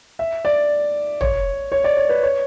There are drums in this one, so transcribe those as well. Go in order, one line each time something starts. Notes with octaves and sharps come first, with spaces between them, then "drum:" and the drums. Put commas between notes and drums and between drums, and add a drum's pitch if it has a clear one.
E5
D5
C#5, drum: tom
C#5
D5
C#5
B4
C#5